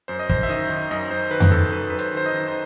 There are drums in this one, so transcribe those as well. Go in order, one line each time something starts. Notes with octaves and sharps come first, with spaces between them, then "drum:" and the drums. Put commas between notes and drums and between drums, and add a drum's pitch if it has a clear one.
F#2 C5
D#5
F#2 C5, drum: kick
E5
D#3 D#5
D#3
F#2 D#5
F#2 C5
D#3 B4
drum: tom F2
D#3 A4
F#2 B4
F#2 B4
C5, drum: hi-hat
D#3 C5
D#5
D#3
C5